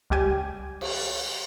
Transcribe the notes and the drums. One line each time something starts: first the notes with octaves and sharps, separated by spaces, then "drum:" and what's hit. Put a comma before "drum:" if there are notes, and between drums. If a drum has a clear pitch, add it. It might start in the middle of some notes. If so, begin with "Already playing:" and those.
C#2 G3 G4 G#5
drum: cymbal